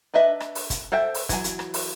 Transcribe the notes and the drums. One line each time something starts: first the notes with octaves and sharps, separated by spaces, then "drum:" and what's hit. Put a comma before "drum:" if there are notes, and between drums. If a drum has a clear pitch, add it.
D4 B4 D#5 E5
drum: rim click
drum: open hi-hat
drum: kick, hi-hat
A4 C5 E5 G5 A5
drum: open hi-hat
E3 F#3 G#5, drum: kick, hi-hat
drum: hi-hat
drum: rim click
drum: open hi-hat